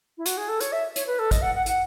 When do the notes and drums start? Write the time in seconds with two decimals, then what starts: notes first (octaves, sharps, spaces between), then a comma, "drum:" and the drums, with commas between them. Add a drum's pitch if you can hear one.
0.18 E4
0.26 F#4, drum: hi-hat
0.37 G#4
0.48 A4
0.60 C#5, drum: hi-hat
0.72 E5
0.96 C#5, drum: hi-hat
1.07 B4
1.19 A4
1.31 D#5, drum: kick, hi-hat
1.42 F#5
1.55 F#5
1.66 F#5, drum: hi-hat